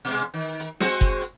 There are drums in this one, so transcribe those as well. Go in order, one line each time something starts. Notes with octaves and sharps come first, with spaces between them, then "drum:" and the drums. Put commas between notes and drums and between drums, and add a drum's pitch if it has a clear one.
B2 G#3
D#3
drum: hi-hat
G#3 C4 F#4, drum: snare
drum: kick F#1, hi-hat
drum: hi-hat